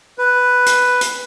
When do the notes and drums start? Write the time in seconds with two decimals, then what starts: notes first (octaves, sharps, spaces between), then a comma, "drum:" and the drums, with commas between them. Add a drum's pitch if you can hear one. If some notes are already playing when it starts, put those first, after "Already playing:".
0.18 B4
0.66 drum: hi-hat
1.01 drum: hi-hat